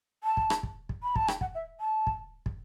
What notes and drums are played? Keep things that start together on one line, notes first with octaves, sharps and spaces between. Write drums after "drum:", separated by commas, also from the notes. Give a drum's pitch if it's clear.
A5
drum: kick
drum: rim click
drum: kick
drum: kick
B5
A5, drum: kick
G5, drum: rim click
F#5, drum: kick
E5
A5
drum: kick
drum: kick